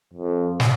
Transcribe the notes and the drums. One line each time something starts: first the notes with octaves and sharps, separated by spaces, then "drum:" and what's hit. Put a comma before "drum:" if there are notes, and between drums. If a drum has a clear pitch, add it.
F2
drum: snare